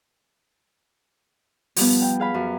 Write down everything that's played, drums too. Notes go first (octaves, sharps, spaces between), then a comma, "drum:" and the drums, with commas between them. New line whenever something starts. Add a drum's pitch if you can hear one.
F3 G3 B3, drum: open hi-hat
G5
G#4 F5 B5
F#2